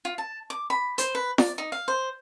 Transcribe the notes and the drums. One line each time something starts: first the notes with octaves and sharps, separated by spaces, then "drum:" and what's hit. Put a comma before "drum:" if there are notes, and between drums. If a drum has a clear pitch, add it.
F4
A5
D6
B5
C5, drum: hi-hat
B4
D5, drum: snare
D#4
F5
C5